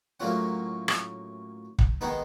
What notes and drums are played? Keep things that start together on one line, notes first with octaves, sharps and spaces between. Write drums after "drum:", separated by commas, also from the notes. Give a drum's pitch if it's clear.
A2 F#3 A#3 C#4 F4 F#5
drum: rim click
drum: kick
D#3 G#3 B3 D#4 F#5